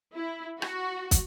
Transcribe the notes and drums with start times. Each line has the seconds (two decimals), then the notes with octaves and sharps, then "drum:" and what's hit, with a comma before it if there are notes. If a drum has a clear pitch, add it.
0.16 E4
0.62 F#4, drum: rim click
1.11 drum: kick, hi-hat